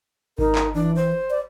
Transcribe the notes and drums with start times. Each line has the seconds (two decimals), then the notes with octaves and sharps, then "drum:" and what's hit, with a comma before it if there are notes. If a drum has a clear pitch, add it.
0.39 D#4 A#4, drum: kick G#1
0.55 drum: clap
0.74 E3 D4
0.96 C5
1.30 D5